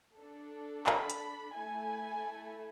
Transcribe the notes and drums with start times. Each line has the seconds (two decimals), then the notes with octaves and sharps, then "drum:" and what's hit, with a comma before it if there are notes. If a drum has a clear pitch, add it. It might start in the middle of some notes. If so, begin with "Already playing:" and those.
0.17 D4 A4
0.86 B5, drum: clap
1.10 drum: hi-hat
1.55 A3 E4 A4 G#5